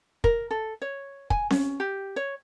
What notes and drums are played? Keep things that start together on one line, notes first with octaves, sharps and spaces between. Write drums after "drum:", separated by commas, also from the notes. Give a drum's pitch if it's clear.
A#4, drum: kick
A4
C#5
G#5, drum: kick
C#4, drum: snare C4
G4
C#5